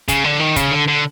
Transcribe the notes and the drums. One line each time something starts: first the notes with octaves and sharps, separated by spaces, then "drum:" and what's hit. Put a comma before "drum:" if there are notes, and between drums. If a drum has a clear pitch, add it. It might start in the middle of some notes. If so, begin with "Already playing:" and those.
C#3, drum: kick, hi-hat
D3
D#3
C#3, drum: kick, hi-hat
D3
D3